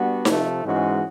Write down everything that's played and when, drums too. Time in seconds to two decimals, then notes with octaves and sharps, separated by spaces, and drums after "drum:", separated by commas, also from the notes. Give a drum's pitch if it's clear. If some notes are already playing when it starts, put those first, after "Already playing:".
Already playing: G3 B3 D4 F#4
0.25 C3 F3 A3, drum: snare D#4
0.64 G#2 E3 G#3 C#4 F#4